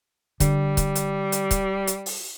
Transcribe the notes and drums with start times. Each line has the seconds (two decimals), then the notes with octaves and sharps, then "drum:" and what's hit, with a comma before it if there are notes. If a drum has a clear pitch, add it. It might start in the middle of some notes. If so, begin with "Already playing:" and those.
0.40 D3 G3, drum: kick C#1, hi-hat
0.77 drum: kick C#1, hi-hat
0.96 drum: hi-hat
1.32 drum: hi-hat
1.51 drum: kick C#1, hi-hat
1.87 drum: hi-hat
2.06 drum: open hi-hat